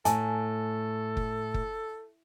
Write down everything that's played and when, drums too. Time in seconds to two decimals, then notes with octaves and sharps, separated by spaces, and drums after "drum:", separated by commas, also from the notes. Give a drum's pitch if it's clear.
0.05 A2 A4 G#5 A5, drum: hi-hat
1.17 drum: kick F#1
1.54 drum: kick F#1